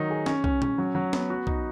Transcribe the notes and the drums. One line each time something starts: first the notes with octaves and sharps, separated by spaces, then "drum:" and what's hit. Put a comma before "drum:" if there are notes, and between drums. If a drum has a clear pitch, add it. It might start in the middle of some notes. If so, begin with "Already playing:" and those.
Already playing: D#3 F#3 D#4
G#4
C#4, drum: snare
C#4, drum: kick
C#4, drum: tom
F#3
F#3
B3, drum: snare
F#4
D#4, drum: kick